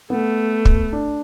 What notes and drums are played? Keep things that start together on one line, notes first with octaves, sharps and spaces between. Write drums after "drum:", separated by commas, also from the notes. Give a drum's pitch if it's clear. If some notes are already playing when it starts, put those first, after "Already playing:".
A3 B3
drum: kick
D4